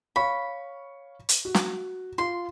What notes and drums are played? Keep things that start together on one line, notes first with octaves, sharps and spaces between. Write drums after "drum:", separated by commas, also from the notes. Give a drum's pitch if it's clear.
C#5 F5 B5 C#6
drum: hi-hat
F#4
drum: snare
F4 C6